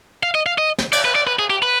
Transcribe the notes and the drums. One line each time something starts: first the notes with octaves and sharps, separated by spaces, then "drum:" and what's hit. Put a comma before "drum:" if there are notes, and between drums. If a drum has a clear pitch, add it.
F5
D#5
F5
D#5
drum: snare
D5, drum: cymbal
B4
D5
B4
G#4
G4
B4